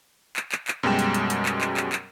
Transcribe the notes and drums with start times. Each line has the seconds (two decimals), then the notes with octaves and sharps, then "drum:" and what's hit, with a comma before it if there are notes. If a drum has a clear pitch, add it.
0.36 drum: clap
0.52 drum: clap
0.68 drum: clap
0.83 F#2 B2 G3 G#3 G5 E7
0.99 drum: hi-hat
1.14 drum: hi-hat
1.30 drum: hi-hat
1.46 drum: clap
1.61 drum: clap
1.77 drum: clap
1.92 drum: clap